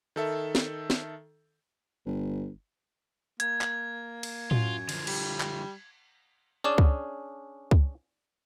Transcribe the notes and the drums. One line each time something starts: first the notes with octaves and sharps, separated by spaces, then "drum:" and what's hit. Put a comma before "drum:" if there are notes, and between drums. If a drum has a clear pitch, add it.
D#3 A4 E5
drum: snare
drum: snare
G1
A#3 G#6, drum: hi-hat
drum: clap
drum: cymbal
F#2 F4, drum: tom A2
D3 F3, drum: cymbal
G3, drum: cymbal
drum: clap
C#4 D4 G#4 D5 D6 E7
drum: kick
drum: kick